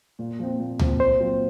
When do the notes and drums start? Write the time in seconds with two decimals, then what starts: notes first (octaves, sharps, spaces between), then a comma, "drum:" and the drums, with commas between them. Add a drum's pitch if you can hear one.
0.19 A#2
0.39 F3 C4
0.59 A#2
0.79 F3 C4, drum: tom C#2
1.00 A#2 C5
1.20 F#3 C4 F4